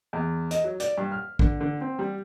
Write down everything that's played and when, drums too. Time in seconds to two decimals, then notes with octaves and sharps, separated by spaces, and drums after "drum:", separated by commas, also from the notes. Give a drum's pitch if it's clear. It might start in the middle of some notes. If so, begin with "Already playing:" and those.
0.13 E2
0.51 D#5, drum: hi-hat
0.64 F#3
0.80 D5, drum: hi-hat
0.98 G2
1.11 F6
1.39 D3, drum: kick
1.61 D3
1.81 C4
1.99 G3